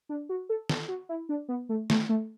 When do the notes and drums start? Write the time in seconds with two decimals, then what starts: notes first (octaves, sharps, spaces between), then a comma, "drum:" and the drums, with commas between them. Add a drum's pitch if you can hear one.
0.09 D4
0.29 F#4
0.49 A4
0.69 A4, drum: snare
0.89 F#4
1.09 E4
1.29 D4
1.48 B3
1.69 A3
1.90 A3, drum: snare
2.09 A3